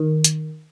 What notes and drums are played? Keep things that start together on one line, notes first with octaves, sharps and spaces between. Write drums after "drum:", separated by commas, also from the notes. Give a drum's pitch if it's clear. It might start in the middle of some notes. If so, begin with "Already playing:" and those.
Already playing: D#3
drum: hi-hat